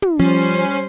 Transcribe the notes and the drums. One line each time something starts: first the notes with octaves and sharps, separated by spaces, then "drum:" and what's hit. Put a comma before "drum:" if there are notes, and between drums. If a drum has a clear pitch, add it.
drum: tom
F3 G3 C#4 C5